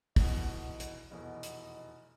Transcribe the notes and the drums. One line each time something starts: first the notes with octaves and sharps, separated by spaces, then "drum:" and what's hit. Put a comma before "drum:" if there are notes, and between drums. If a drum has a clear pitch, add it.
F1 E2 B2 D#5, drum: kick, open hi-hat
drum: hi-hat
F1 E2 B2 D#5
drum: hi-hat